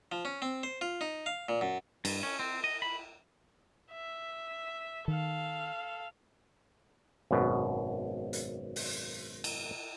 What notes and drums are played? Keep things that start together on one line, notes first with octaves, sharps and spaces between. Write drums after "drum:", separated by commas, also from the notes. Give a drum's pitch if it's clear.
F3
C#4
C4
C5
F4
D#4
F5
A#2
F#2
G2, drum: cymbal
C#4
C4
D#5
B5
E5
D#3 A4 F5
G#1 F#2 B2
drum: hi-hat
drum: open hi-hat
drum: cymbal